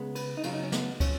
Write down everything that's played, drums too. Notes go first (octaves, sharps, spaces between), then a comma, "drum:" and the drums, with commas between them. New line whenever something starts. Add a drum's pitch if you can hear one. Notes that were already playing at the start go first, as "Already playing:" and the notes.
Already playing: C#2 C#3 G#3 B3
B4, drum: cymbal
D#4
F#2 C#3 F#3 F4, drum: cymbal
D#4
C#4
B3, drum: snare
F3 C#4, drum: kick, cymbal